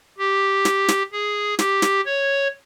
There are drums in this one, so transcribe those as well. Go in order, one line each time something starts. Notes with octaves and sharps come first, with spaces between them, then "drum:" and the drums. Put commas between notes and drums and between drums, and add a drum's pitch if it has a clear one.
G4
drum: snare
drum: snare
G#4
G4, drum: snare
drum: snare
C#5